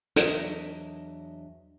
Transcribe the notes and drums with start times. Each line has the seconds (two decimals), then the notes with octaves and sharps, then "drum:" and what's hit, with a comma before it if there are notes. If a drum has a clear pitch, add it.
0.16 E2 F#3 D4 D#5 E5, drum: hi-hat